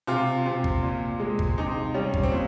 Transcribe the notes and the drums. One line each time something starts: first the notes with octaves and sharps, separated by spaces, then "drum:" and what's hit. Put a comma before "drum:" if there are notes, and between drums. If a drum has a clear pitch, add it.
C3 F4
C3
drum: kick G#1
A#2
G#3
drum: kick G#1
C3 D#4
G3 C#4
drum: kick G#1
C4
A#2